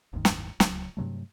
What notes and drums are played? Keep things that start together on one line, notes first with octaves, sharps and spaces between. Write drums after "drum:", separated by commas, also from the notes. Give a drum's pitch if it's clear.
F#1 D#2 G#2 D#3
drum: snare
D1 C#2 F#3, drum: snare
G2 C3 F#3 A3